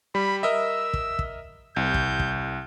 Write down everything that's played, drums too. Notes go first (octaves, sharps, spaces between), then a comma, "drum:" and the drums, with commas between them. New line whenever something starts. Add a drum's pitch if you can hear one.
G3 B5
A#4 D#5 E5 E6
drum: kick
drum: kick
C2 G6
drum: kick
drum: kick